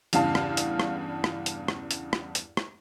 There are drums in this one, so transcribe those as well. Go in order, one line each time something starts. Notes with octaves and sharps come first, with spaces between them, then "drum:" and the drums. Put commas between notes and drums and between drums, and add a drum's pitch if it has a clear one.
E2 G2 C#3 F5 A5, drum: hi-hat
drum: rim click
drum: hi-hat
drum: rim click
drum: rim click
drum: hi-hat
drum: rim click
drum: hi-hat
drum: rim click
drum: hi-hat
drum: rim click